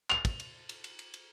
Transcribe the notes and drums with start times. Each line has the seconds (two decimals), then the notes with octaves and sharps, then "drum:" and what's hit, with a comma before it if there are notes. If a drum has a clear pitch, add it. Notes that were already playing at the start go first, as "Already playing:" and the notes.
0.10 F7, drum: clap
0.25 drum: kick, cymbal
0.40 drum: cymbal
0.69 drum: cymbal
0.84 drum: cymbal
0.99 drum: cymbal
1.14 drum: cymbal